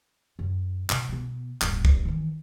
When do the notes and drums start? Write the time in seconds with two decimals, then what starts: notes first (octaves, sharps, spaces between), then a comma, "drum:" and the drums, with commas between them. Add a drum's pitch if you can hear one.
0.39 F#2
0.90 B2, drum: clap
1.09 B2 B3
1.62 D1 G1, drum: clap
1.85 drum: kick C2
2.05 D#3 E3